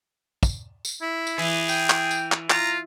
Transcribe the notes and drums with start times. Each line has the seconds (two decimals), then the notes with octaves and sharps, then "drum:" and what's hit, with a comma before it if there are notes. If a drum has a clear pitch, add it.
0.43 drum: kick, tambourine
0.85 drum: tambourine
1.02 E4
1.27 drum: tambourine
1.38 E3 G#4
1.69 G5, drum: tambourine
1.90 drum: clap
2.11 drum: tambourine
2.32 drum: clap
2.50 F4 A#5, drum: clap